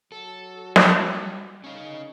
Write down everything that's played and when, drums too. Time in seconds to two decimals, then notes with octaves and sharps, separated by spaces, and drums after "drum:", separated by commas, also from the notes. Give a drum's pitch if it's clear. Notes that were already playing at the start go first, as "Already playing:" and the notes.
0.12 F#3 F#4 A4
0.76 G3, drum: snare
1.64 F#2 C#3 C#4 D#4 F5